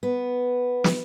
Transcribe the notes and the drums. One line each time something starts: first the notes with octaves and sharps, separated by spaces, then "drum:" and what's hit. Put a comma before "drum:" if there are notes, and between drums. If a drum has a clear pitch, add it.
B3
drum: snare